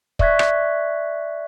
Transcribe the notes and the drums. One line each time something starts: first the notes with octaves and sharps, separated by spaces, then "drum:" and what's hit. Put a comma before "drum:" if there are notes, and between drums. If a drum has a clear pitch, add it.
D5 E5 C#6 F#6 G#6 B6, drum: kick
drum: rim click